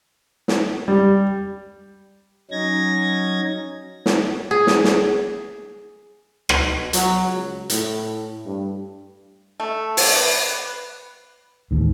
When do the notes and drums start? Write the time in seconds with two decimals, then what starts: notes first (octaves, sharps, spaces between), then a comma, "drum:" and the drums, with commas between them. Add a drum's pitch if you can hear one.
0.48 drum: snare
0.88 G3
2.51 F#3 C#4 D#4 G#6 A#6
4.06 drum: snare
4.51 G#4
4.67 drum: snare
4.84 drum: snare
6.49 B2, drum: rim click
6.93 F#3, drum: hi-hat
7.26 C#2
7.70 A2, drum: hi-hat
8.45 G2
9.60 A3
9.97 drum: open hi-hat
10.16 B4
11.71 A1 D#2 G#2